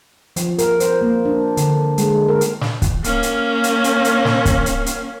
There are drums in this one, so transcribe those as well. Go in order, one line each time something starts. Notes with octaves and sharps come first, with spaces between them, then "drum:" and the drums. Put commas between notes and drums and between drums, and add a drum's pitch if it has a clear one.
F3, drum: hi-hat
A#4, drum: hi-hat
C5, drum: hi-hat
A#3
D4
D3, drum: hi-hat
G#3, drum: hi-hat
A#4
drum: hi-hat
drum: snare
drum: kick, hi-hat
A#3 C#4, drum: hi-hat
drum: hi-hat
drum: hi-hat
drum: hi-hat
drum: hi-hat
drum: snare
drum: kick, hi-hat
drum: hi-hat
drum: hi-hat